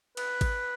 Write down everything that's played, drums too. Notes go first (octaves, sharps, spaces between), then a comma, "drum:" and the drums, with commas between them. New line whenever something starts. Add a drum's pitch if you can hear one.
B4, drum: cymbal
drum: kick G#1, cymbal